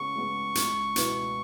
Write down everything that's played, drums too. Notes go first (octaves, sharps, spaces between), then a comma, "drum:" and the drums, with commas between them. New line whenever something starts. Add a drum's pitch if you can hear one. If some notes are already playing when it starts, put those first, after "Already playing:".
Already playing: C#3 G#3 B3 C#6
G#3 B3 G#4
C#2, drum: hi-hat
B2 B3 E4 B4, drum: hi-hat